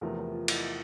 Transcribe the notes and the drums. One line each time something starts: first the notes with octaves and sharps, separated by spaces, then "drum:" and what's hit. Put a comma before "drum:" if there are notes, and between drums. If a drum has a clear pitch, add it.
E2 C3 F3 A3 A#4
A#4
F4
E4, drum: cymbal